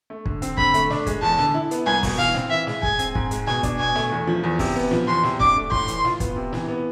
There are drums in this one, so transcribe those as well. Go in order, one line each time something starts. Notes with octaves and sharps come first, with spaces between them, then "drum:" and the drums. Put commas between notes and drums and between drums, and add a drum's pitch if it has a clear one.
A3
D3, drum: kick
C4, drum: hi-hat
D3 B5, drum: kick
A3, drum: hi-hat
D4, drum: snare
G#3, drum: kick, hi-hat
E2 A5
D3, drum: snare
E4
B3, drum: hi-hat
C2 G#5
B2, drum: kick, open hi-hat
E3 F5
C4, drum: snare
E3 E5
G#3, drum: snare
G#4 G#5, drum: kick
C4, drum: hi-hat
G#2, drum: kick
G#3, drum: hi-hat
B2 G#5, drum: snare
D4, drum: kick, hi-hat
B2 G#5
A3, drum: snare
E2
F3
E2
C3, drum: kick, open hi-hat
B3
F3, drum: snare
E2 C6
C3, drum: snare
D4 D6, drum: kick
A3
A2 C6, drum: kick
E3, drum: hi-hat
F4, drum: snare
B3, drum: kick, hi-hat
C3
E3, drum: snare
B3